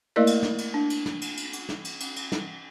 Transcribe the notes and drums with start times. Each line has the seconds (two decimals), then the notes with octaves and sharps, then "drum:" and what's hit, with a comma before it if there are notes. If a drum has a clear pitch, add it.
0.16 A3 A#3 E4 A#4 D5 D#5
0.27 drum: cymbal
0.43 drum: snare
0.58 drum: cymbal
0.74 D4
0.90 drum: cymbal
1.06 drum: snare
1.21 drum: cymbal
1.37 drum: cymbal
1.53 drum: cymbal
1.69 drum: snare
1.84 drum: cymbal
2.00 drum: cymbal
2.16 drum: cymbal
2.32 drum: snare